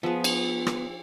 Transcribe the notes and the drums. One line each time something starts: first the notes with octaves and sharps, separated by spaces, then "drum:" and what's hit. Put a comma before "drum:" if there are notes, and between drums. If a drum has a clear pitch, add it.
F3 B3 G#4
drum: cymbal
drum: rim click